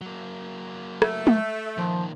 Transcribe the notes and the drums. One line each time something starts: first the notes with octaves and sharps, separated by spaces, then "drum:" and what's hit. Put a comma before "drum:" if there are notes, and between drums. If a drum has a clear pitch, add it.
F#3 A#3
A3, drum: rim click
drum: tom G#3
A#2 D#3 F3